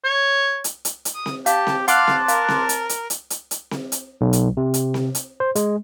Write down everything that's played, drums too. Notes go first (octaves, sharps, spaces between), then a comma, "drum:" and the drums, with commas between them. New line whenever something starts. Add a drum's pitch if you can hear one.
C#5
drum: hi-hat
drum: hi-hat
drum: hi-hat
D#6
drum: snare C4
G4 F5 A5, drum: hi-hat
drum: snare C4
F5 F#5 A5 C6 D6 F#6, drum: hi-hat
drum: snare C4
A#4 F5, drum: hi-hat
drum: snare C4
drum: hi-hat
drum: hi-hat
drum: hi-hat
drum: hi-hat
drum: hi-hat
drum: snare C4
drum: hi-hat
B1
drum: hi-hat
C3
drum: hi-hat
drum: snare C4
drum: hi-hat
C5
G#3, drum: hi-hat